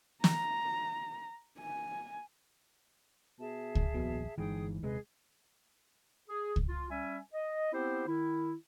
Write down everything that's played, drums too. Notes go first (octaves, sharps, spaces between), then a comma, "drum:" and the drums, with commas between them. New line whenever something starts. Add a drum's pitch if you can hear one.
A#5, drum: snare
G#5
B2 G#4 E5 A5
drum: kick C#2
D#1 A#1 B2
G1 G#2 E3 G#4 G5 D#6
D#1 C3 G#3 G#4 B4 D#5
G#4
drum: kick C#2
F4
G3 C#4 E5 G#5
D#5
B3 C4 E4 G4 C5
D#3 E4